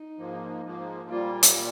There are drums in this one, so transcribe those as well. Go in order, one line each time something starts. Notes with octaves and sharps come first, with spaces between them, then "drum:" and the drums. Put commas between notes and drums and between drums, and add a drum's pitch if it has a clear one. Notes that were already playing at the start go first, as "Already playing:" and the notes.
Already playing: D#4
G#2 F3 A#3
G#2 F3 A#3
A#2 G3 A#3 F4
drum: hi-hat
A#2 G3